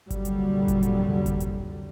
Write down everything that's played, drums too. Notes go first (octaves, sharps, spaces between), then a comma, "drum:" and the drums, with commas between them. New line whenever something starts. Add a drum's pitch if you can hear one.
C2 F2 A#2 D3 F#3 G3, drum: kick G1, hi-hat
drum: hi-hat
drum: kick G1, hi-hat
drum: hi-hat
drum: kick G1, hi-hat
drum: hi-hat